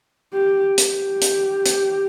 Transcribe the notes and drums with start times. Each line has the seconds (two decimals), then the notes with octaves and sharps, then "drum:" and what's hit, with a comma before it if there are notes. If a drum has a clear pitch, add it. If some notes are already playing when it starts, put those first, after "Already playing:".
0.33 G4
0.78 G4, drum: hi-hat
1.22 drum: hi-hat
1.66 drum: hi-hat